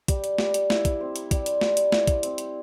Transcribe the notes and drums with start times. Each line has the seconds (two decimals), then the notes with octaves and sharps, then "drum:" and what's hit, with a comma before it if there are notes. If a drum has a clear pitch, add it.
0.08 G3, drum: kick, hi-hat
0.24 drum: hi-hat
0.38 G3, drum: snare
0.54 drum: hi-hat
0.70 E4, drum: snare
0.85 drum: kick, hi-hat
1.00 C4
1.16 drum: hi-hat
1.31 G3, drum: kick, hi-hat
1.46 drum: hi-hat
1.61 G3, drum: snare
1.77 drum: hi-hat
1.92 E4, drum: snare
2.07 drum: kick, hi-hat
2.23 C4, drum: hi-hat
2.38 drum: hi-hat